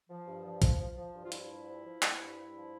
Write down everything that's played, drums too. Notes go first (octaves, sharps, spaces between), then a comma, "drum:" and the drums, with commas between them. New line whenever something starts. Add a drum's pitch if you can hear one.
F3
G2
F3
F3, drum: kick, hi-hat
F3
F3
G2
F4
F3 E4, drum: hi-hat
G2
F3
F3
F3, drum: clap
G2
G2
F3